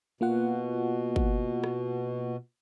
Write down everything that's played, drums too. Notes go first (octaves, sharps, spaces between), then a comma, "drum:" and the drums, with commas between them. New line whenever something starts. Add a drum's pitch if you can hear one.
B2 A#3 F4 F#5
drum: kick G1
drum: rim click